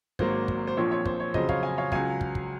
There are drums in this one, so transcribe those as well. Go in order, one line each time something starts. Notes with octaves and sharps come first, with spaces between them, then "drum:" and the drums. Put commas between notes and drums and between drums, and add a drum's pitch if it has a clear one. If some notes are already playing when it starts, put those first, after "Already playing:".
G#1 G#2 F#3 A#3 C5, drum: kick
drum: kick
C5
A#1 A#2 F3 C4 C#5
C#5
C5, drum: kick
C#5
F2 C#3 F#3 C5 D#5, drum: kick
C#5 F5, drum: kick
F5 G#5
C#5 F5
C#2 C#3 F#3 F5 G#5, drum: kick
drum: kick
drum: kick